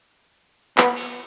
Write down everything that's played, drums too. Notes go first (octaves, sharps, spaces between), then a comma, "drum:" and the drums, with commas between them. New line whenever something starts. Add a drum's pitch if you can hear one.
B3, drum: clap
drum: cymbal